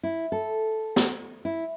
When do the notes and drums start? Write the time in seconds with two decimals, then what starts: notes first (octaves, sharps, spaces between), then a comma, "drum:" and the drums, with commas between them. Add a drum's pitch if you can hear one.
0.03 E4
0.32 A4
0.96 drum: snare
1.45 E4